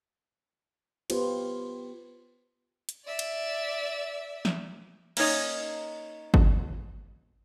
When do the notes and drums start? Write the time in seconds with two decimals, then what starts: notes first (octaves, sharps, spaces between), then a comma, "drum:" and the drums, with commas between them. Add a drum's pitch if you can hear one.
1.10 B3 F4 G4 B4 C5, drum: cymbal
2.89 drum: hi-hat
3.05 D5 E5
3.19 drum: cymbal
4.45 drum: snare
5.17 A#3 C#4 D#4 C#5 D#5, drum: cymbal
6.34 drum: kick G#1